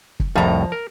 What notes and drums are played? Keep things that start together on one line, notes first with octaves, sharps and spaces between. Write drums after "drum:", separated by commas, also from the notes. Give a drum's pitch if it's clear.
drum: kick
C2 F2 A2 F3 A#5
A#4